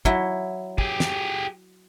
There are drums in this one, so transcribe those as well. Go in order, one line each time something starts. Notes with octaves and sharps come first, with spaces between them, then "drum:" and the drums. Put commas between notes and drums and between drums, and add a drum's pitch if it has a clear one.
F#3 E4, drum: kick
G4 G#4, drum: kick
drum: snare